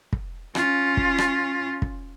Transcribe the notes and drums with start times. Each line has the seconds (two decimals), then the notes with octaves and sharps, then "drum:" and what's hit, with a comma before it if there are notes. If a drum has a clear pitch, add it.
0.13 drum: kick
0.55 C#4 F4, drum: rim click
0.97 drum: kick
1.18 drum: rim click
1.82 drum: kick